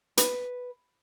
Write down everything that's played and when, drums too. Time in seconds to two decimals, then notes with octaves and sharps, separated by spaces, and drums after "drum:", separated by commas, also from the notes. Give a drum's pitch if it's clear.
0.17 B4, drum: hi-hat